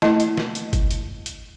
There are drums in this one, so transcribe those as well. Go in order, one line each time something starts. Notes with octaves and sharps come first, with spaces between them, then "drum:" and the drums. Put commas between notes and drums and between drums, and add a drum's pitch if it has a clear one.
A3 E4 D#5 A5, drum: snare
drum: hi-hat
drum: snare
drum: hi-hat
drum: kick G1, hi-hat
drum: hi-hat
drum: hi-hat